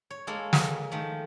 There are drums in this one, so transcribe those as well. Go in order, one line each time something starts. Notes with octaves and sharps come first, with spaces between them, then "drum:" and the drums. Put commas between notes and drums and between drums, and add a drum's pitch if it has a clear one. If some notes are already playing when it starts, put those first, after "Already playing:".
C#5
G#3 A#3 A4
drum: snare
D#3 F3 A3